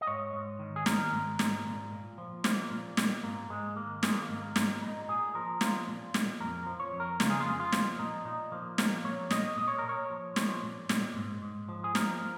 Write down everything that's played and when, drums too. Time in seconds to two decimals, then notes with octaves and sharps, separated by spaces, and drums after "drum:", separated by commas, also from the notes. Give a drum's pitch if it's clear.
0.01 D#5
0.07 G#2 C#5
0.33 G#2
0.59 D#3
0.76 G#4
0.86 D#3 A#4, drum: snare
1.12 G#2
1.39 G#2, drum: snare
1.65 A#2
1.92 A#2
2.18 F3
2.44 F3 A#3, drum: snare
2.71 A#2
2.97 A#2, drum: snare
3.23 G#2 A#3
3.50 G#2 G#3
3.76 D#3 A#3
4.03 D#3 G#3, drum: snare
4.22 A#3
4.29 G#2
4.42 A#3
4.56 G#2, drum: snare
4.82 A#2 D#4
5.08 A#2 G#4
5.35 F3 A#4
5.61 F3 F4, drum: snare
5.88 A#2
6.14 A#2, drum: snare
6.40 F2 A#4
6.66 F3
6.80 C#5
6.93 F2
7.00 A#4
7.20 C#3 F4, drum: snare
7.30 G#4
7.40 F4
7.46 F2 G#4
7.60 F4
7.72 F3, drum: snare
7.99 A#2 D#4
8.25 A#2 D#4
8.52 F3 A#3
8.78 F3 A#3, drum: snare
9.04 A#2 C#5
9.30 A#2 D#5, drum: snare
9.57 A#2 D#5
9.68 C#5
9.78 A#4
9.84 A#2
9.89 C#5
10.10 F3
10.36 F3, drum: snare
10.63 A#2
10.89 A#2, drum: snare
11.15 G#2
11.42 G#2
11.69 F3
11.84 G#4
11.95 F3 A#4, drum: snare